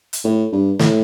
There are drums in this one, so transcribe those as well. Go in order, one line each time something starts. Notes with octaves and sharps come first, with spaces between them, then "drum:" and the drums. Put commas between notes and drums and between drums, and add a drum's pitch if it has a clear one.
drum: hi-hat
A2
G2
A2, drum: snare